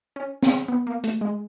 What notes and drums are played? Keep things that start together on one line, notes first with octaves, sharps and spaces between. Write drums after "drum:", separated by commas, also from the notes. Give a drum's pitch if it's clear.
C#4
C4, drum: snare
B3
A#3
A3, drum: hi-hat
G#3